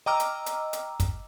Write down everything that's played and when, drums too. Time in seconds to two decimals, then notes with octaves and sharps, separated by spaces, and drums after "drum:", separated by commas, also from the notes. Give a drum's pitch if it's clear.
0.06 D#5 G5 A#5 D6 E6 F6
0.20 drum: hi-hat
0.46 drum: hi-hat
0.73 drum: hi-hat
1.00 drum: kick, hi-hat